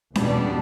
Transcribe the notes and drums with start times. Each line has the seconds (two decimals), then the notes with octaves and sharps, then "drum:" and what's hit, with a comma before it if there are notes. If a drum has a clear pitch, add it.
0.15 E2 B2 G3 B3 D4, drum: snare C#4